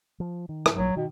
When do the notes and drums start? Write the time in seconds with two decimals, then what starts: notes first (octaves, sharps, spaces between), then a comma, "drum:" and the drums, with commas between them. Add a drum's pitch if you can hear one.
0.20 F3
0.49 D#3
0.66 drum: rim click
0.75 A#1 G2 F#3
0.97 B2 D#3